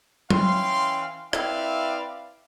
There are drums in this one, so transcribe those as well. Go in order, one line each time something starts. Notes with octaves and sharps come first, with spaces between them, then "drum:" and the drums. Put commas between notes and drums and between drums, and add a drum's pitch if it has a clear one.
E3 C#4 F5 G5 C6, drum: tom F#3
C4 E4 B4 D5 E5 F5, drum: rim click